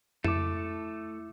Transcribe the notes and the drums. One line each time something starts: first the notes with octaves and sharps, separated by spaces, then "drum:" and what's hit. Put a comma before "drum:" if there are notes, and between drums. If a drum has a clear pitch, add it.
A3 E4 A4 D6, drum: tom F2